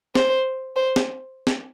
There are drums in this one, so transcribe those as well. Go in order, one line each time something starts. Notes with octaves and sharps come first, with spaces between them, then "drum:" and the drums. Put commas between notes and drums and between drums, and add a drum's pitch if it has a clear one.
C5, drum: snare
C5
drum: snare
drum: snare